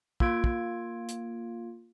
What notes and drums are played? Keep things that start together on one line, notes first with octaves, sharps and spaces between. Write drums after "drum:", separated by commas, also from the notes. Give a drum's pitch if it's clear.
A#3 F4 G#6 D7, drum: kick
drum: kick
drum: hi-hat